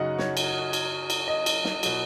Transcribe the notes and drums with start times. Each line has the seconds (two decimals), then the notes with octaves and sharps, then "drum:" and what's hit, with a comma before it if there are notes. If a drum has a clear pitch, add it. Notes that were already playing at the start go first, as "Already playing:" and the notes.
Already playing: F#2 C#3 F#3 D#4 D#5 F#5
0.18 C#5, drum: snare
0.37 drum: cymbal
0.73 drum: cymbal
1.10 drum: cymbal
1.28 D#5
1.46 drum: cymbal
1.65 drum: snare
1.83 B2 F#3, drum: cymbal